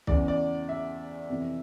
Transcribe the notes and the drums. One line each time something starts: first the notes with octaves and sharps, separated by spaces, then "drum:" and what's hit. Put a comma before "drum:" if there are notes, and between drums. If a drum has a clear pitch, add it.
E2 C#3 E3 D5, drum: kick
D5
E5
F2 C3 E3